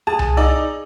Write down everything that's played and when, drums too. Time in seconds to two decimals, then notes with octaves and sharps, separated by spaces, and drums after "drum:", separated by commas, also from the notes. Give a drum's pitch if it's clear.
0.07 G#4 A5
0.19 drum: tom C2
0.37 D#4 D5 E6